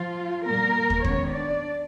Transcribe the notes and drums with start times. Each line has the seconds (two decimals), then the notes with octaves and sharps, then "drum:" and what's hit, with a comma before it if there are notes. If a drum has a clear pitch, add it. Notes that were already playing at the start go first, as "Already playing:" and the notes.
Already playing: F3 F4
0.45 A#2 G3 A#3 B3 A#4
0.90 drum: kick
1.04 D#3 G#3 B3 C#4 C#5, drum: kick
1.35 D4 D5